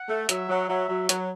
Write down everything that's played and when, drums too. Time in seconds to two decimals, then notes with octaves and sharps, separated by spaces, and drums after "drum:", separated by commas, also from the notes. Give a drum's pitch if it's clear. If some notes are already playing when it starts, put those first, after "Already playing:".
Already playing: F#5
0.09 A3
0.29 F#3 E5, drum: hi-hat
0.49 F#3
0.69 F#3 E5
0.89 F#3
1.09 F#3, drum: hi-hat